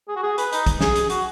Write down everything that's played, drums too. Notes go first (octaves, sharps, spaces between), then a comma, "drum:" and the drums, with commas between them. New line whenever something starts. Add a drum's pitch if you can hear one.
G#4
F#4
G#4
B4, drum: hi-hat
D#4, drum: hi-hat
drum: kick, hi-hat
G#4, drum: snare
drum: hi-hat
F#4, drum: hi-hat